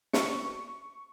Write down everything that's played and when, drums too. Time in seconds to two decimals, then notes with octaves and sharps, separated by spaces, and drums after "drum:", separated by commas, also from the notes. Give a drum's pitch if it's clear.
0.13 C#6, drum: snare